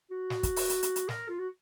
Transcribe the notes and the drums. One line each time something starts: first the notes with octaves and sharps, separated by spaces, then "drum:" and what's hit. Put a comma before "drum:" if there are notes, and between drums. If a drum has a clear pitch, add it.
F#4
drum: snare
drum: kick, hi-hat
drum: open hi-hat
drum: hi-hat
drum: hi-hat
drum: hi-hat
A#4, drum: snare
F4
F#4